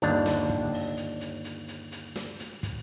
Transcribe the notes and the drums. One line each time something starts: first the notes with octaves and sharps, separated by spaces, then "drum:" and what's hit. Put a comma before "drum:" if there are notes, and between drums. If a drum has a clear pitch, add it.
G1 D#2 D4, drum: hi-hat
drum: snare
drum: kick
drum: open hi-hat
drum: hi-hat
drum: hi-hat
drum: hi-hat
drum: hi-hat
drum: hi-hat
drum: snare
drum: hi-hat
drum: kick, hi-hat